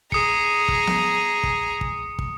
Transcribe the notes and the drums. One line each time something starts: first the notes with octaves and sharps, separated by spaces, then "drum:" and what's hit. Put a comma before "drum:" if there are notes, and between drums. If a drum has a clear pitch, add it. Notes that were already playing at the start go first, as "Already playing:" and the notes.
G#4 A#5 D#6 C#7, drum: kick
drum: kick
drum: snare B3
drum: kick
drum: kick
drum: kick